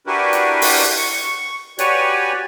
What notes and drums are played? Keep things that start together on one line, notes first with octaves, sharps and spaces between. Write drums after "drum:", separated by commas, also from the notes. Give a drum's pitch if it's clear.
D4 E4 F#4 G4 A#4 B4
drum: hi-hat
drum: open hi-hat
C#6
F#4 G4 B4 C#5 D5 G#5, drum: hi-hat